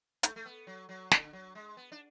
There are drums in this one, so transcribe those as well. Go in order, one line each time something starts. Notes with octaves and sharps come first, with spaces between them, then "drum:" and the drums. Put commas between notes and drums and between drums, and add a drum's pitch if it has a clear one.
A3, drum: hi-hat
A3
B3
F#3
F#3
D3, drum: snare
F#3
G#3
B3
D4